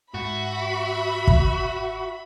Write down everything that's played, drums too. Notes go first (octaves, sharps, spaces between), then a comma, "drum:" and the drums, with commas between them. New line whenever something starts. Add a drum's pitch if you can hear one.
G#2 F#4 E5 B5
drum: kick